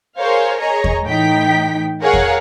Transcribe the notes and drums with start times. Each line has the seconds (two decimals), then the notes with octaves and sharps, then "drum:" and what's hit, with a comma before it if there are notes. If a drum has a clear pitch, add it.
0.17 G#4 A#4 C5 C#5 F5
0.60 G#4 C#5 D#5 A#5
0.84 drum: kick E2
1.06 A2 E3 D#4 G5 B6
2.02 G#4 A#4 C#5 F5 F#5
2.13 drum: kick E2